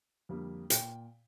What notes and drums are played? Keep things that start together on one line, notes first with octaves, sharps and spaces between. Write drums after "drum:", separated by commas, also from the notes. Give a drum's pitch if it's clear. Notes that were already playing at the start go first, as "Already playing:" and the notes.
F2 D3 G3 A#3
A#2 G5, drum: hi-hat